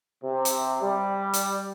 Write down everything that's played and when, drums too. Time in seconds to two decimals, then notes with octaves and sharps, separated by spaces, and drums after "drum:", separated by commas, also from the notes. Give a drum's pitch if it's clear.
0.23 C3
0.45 drum: hi-hat
0.83 G3
1.34 drum: hi-hat